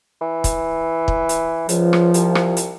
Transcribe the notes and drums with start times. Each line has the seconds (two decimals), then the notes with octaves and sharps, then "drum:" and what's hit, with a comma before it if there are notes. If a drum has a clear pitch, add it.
0.22 E3
0.44 drum: kick, hi-hat
1.08 drum: kick
1.29 drum: hi-hat
1.69 C#2 F3, drum: hi-hat
1.93 drum: rim click
2.14 C2, drum: hi-hat
2.35 drum: rim click
2.57 drum: hi-hat